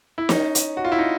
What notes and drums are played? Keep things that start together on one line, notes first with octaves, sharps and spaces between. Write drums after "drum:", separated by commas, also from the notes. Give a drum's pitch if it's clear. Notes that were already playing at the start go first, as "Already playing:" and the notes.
E4
C#4 D#4, drum: snare
drum: hi-hat
F#4
F4
E4
D#4